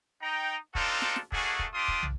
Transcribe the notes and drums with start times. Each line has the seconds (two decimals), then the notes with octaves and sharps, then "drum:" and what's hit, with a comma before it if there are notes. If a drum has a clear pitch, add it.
0.22 D#4 G5 A#5
0.75 C4 D4 D#4 F4 A4, drum: kick
1.01 drum: snare
1.16 drum: snare
1.32 A3 A#3 D4 F#4 G#4, drum: kick
1.59 drum: kick
1.74 D4 F4 G4 C6 D6 D#6
1.88 drum: kick
2.03 drum: tom